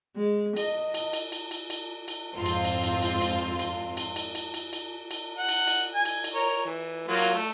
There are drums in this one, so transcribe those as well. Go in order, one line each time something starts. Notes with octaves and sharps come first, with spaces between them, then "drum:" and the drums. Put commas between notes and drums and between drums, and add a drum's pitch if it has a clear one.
G#3
D#5, drum: cymbal
drum: cymbal
drum: cymbal
drum: cymbal
drum: cymbal
drum: cymbal
drum: cymbal
F2 G#2 C4 F4 C6
drum: cymbal
drum: cymbal
drum: cymbal
drum: cymbal
drum: cymbal
drum: cymbal
drum: cymbal
drum: cymbal
drum: cymbal
drum: cymbal
drum: cymbal
drum: cymbal
F#5
drum: cymbal
drum: cymbal
G#5
drum: cymbal
drum: cymbal
A#4 C#5
E3
F#3 A#3 F4
drum: cymbal
A3